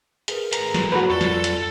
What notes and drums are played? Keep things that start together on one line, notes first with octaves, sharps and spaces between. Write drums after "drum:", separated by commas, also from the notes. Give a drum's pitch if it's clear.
G#4 A#4 B4, drum: hi-hat
A2 A#5, drum: hi-hat
drum: snare
F#4 B4
F2 F4 A4 D5
drum: snare
drum: hi-hat